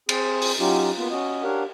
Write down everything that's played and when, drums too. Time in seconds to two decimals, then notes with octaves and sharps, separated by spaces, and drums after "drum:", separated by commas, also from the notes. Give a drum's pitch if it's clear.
0.09 C4 G#4, drum: cymbal
0.42 drum: open hi-hat
0.59 F#3 C#4 D#4 F4 G4
0.97 A#3 B3 F4
1.11 C#4 F#4 D#5
1.43 D4 G4 A#4 C#5 F5 F#5